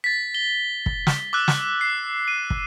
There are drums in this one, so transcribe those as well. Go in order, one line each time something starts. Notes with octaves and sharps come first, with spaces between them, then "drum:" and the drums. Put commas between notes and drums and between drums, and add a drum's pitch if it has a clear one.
A6 B6
G7
drum: kick
drum: snare
D6 E6 F#6
drum: snare
C7
D#7
drum: kick